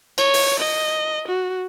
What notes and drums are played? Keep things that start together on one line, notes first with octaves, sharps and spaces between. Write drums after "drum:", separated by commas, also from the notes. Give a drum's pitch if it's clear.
C#5, drum: cymbal
drum: open hi-hat
D#5
F#4